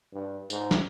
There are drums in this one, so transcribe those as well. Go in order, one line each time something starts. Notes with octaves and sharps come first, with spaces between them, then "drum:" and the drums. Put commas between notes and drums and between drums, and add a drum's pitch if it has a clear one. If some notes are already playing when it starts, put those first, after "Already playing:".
G2
G#2, drum: tambourine
drum: snare